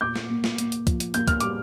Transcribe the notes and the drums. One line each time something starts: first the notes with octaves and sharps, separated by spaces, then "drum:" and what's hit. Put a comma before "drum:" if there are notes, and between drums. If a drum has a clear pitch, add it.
A#2 D6 G6
drum: snare
A#3
drum: snare
A#3, drum: hi-hat
drum: hi-hat
F3, drum: kick, hi-hat
drum: hi-hat
A#3 G6, drum: hi-hat
F6, drum: kick, hi-hat
G3 D6, drum: hi-hat